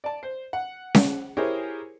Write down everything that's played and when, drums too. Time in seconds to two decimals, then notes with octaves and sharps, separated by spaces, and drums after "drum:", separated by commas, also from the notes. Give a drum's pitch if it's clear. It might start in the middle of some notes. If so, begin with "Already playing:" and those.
0.04 D5 A5
0.23 C5
0.53 F#5
0.95 drum: snare C#4
1.37 E4 G4 G#4 A#4 C5 C#5